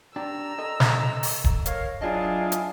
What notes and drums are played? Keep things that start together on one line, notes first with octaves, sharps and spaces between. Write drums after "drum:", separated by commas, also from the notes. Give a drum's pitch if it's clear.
D4 G4 A#5 E6
A4 D#5
drum: snare
drum: open hi-hat
drum: kick D#1
A#4 C#5 F5, drum: hi-hat
F#3 D4 E4 F4 G#4 D#5 F5 G#5
drum: hi-hat